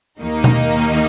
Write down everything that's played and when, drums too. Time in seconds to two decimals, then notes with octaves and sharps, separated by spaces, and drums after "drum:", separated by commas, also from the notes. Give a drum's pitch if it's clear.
0.21 D#2 D#3 A#3 D#4
0.44 drum: tom B2